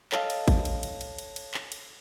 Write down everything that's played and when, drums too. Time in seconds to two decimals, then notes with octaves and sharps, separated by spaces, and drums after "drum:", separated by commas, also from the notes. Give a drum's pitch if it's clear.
0.12 A4 C#5 D#5 F5 A5, drum: clap
0.30 drum: cymbal
0.48 drum: kick, cymbal
0.65 drum: cymbal
0.83 drum: cymbal
1.01 drum: cymbal
1.19 drum: cymbal
1.36 drum: cymbal
1.54 drum: clap
1.72 drum: cymbal